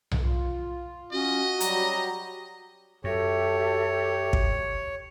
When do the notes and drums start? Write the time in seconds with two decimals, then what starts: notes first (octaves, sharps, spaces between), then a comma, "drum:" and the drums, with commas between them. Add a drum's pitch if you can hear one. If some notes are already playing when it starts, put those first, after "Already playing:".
0.11 drum: tom B1
0.22 F4
1.12 C#4 F#4 D#5
1.60 F#3 G3 G4 A#5, drum: hi-hat
3.04 F#2 F#4 G4 A4 C#5 E5
4.33 drum: kick